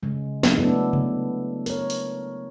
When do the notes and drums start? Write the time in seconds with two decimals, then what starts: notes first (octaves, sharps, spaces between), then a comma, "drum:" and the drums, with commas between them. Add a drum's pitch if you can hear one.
0.03 C#3 G#3
0.43 F#3, drum: snare
0.58 A3 B3 D4 E4 A4
0.93 drum: tom C3
1.66 A#4 C#5, drum: open hi-hat
1.90 drum: open hi-hat